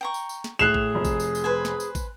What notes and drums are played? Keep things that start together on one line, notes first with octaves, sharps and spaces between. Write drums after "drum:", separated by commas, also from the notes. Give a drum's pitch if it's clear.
G5 A#5 C#6
drum: tambourine
drum: tambourine
drum: snare
A2 G#4 E5 F#6 C7 E7 F7
drum: kick
F1
drum: kick, tambourine
drum: tambourine
drum: tambourine
B4 C5 G#5
drum: snare
drum: tambourine
drum: kick, tambourine